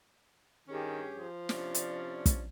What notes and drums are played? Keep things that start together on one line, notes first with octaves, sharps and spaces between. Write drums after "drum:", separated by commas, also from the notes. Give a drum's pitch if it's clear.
G2 D#3 C#4 G4 G#4
F3
C3 C#4 D4 D5, drum: snare
drum: hi-hat
drum: kick, hi-hat